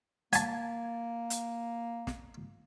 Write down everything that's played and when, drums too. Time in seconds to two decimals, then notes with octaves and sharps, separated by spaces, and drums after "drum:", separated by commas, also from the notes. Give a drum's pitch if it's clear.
0.33 A#3 G#5 A5, drum: hi-hat
1.30 drum: hi-hat
2.07 drum: snare